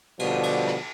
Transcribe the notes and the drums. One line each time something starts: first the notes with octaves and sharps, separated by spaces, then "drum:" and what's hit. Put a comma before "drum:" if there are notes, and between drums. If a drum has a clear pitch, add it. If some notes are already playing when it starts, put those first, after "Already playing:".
B2 D3 F3 G3, drum: cymbal
drum: cymbal
drum: rim click